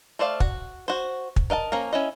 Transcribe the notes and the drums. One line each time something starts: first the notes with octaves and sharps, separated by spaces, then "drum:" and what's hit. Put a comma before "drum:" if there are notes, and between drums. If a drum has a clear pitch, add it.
A3 C5 D5 F5
F#4, drum: kick
F#4 C5
drum: kick
A#4 D#5 F5 A5
F3 A#3 C#4 A#4
C#4 E4 D#5